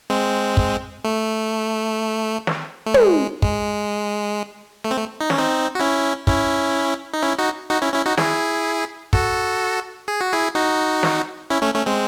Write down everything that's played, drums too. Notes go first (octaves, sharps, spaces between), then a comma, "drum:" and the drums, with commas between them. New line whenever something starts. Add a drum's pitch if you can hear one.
G#3 C4
drum: kick
A3
drum: snare
A3
G#3, drum: tom
G#3, drum: kick
A3
C4
A3
D#4
C#4, drum: snare
C4 D#4
F#4
C#4 E4
C#4 E4, drum: kick
D#4
C#4 E4
D#4 F#4
D#4 F#4
C#4 E4
C#4 E4
D#4 F#4
E4 G#4, drum: snare
F#4 A4, drum: kick
G#4
F#4
E4 G#4
D#4 F#4
drum: snare
C#4 E4
A3 C#4
A3 C#4
G#3 C4